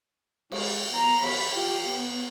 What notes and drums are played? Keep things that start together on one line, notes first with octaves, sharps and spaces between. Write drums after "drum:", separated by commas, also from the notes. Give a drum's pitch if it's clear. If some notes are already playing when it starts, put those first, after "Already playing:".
G#3, drum: cymbal
B3 A#5
B5, drum: cymbal
F4 G4
B3